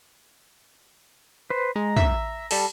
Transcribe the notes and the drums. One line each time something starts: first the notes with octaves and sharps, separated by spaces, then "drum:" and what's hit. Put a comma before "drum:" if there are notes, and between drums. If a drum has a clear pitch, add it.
B4 C5
G#3 A#5
E5, drum: tom
G3 A4, drum: open hi-hat